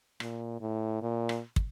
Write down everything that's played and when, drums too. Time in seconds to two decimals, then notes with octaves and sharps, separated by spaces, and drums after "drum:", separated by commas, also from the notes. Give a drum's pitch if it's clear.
0.20 A#2, drum: rim click
0.61 A2
1.02 A#2
1.29 drum: rim click
1.56 drum: kick